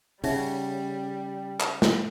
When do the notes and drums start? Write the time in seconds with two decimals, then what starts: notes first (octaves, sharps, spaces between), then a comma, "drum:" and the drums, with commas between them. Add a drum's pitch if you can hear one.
0.24 C#3 G3 D#4 E5 F#5, drum: open hi-hat
1.60 drum: clap
1.82 drum: snare